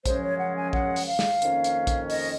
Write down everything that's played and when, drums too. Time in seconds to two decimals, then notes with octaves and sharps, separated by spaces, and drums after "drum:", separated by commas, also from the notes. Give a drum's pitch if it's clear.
0.06 F#2 C#3 F3 G#3 C#4 C5, drum: kick, hi-hat
0.23 C#5
0.40 F#5
0.56 G#5
0.73 F#5, drum: kick
0.96 drum: open hi-hat
1.07 F5
1.19 drum: snare
1.42 F2 D#3 A#3 C#4, drum: hi-hat
1.64 drum: hi-hat
1.87 drum: kick, hi-hat
2.10 D#5, drum: open hi-hat